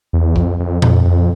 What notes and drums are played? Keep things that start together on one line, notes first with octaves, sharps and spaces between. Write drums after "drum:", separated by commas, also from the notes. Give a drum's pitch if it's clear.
E2
F2, drum: kick
F2
F2, drum: tom A#2
F2